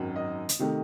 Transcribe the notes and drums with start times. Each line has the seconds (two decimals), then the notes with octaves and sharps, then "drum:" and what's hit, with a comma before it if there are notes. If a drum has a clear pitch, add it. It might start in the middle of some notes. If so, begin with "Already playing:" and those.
Already playing: G#1 F#2 D#3 F#3
0.16 D#5
0.49 drum: hi-hat
0.59 C3 D#3 A3